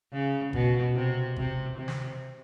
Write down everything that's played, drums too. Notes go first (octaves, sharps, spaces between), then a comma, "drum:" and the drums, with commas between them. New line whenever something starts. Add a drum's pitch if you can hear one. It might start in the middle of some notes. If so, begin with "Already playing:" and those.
C#3
B2, drum: kick
C3
C3, drum: kick
C3
drum: snare